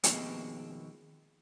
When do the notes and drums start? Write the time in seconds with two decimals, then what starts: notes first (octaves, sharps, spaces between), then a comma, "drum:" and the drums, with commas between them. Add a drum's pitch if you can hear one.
0.04 D#2 B2 F3 G#3 C4, drum: hi-hat